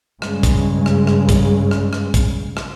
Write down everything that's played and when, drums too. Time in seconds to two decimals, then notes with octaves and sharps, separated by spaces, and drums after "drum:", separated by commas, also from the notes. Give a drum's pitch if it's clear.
0.22 G2 C#3 G#3, drum: rim click
0.43 drum: kick, hi-hat
0.86 drum: rim click
1.07 drum: rim click
1.29 drum: kick, hi-hat
1.71 drum: rim click
1.93 drum: rim click
2.14 drum: kick, hi-hat
2.57 drum: rim click